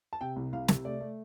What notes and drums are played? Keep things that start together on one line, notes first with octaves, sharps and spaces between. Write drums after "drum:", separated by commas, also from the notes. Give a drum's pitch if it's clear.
A5
C3 G5
C2
C2 F5
C3, drum: snare
A3 D5
A3